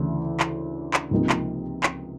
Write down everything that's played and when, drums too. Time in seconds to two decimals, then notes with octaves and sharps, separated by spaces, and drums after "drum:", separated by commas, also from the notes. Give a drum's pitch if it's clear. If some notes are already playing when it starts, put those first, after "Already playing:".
Already playing: D2 C#3 E3 A3 D4
0.40 drum: clap
0.94 drum: clap
1.11 C#2 C3 F3 A#3 D#4
1.29 drum: clap
1.83 drum: clap